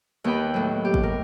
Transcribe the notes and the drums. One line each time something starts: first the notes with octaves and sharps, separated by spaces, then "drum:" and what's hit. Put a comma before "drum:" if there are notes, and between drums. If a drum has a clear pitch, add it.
D#2 B3 G4 D#5 G5 B5
A2 F#3
G4
drum: kick
A#4